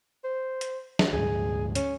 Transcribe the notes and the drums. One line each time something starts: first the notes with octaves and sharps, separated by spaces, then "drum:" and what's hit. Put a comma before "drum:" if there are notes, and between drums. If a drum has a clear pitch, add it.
C5
drum: hi-hat
drum: snare
D2 G#2 G#4
C#4, drum: hi-hat